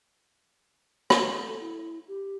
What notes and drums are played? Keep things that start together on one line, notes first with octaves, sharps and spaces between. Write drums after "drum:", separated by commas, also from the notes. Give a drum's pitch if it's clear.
A4, drum: rim click
E4
G4